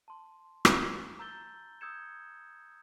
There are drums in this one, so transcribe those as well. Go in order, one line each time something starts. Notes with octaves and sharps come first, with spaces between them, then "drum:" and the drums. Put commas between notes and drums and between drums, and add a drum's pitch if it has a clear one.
A5 C6
drum: rim click
A#5 E6 G6 A6 G7
D#6 E6 G6 G#6 C#7 E7